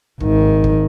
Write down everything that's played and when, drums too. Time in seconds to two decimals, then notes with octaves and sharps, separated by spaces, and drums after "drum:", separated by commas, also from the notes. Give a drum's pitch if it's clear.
0.20 G#1 D#3, drum: kick
0.64 drum: kick